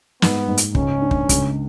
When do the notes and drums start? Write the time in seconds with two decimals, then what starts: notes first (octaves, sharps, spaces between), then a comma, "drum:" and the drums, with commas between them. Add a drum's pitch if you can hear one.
0.22 G#2 B3, drum: snare
0.48 G#2
0.57 drum: hi-hat
0.75 C#2 C#4, drum: kick
1.02 D4
1.11 drum: kick
1.29 C#2, drum: kick, hi-hat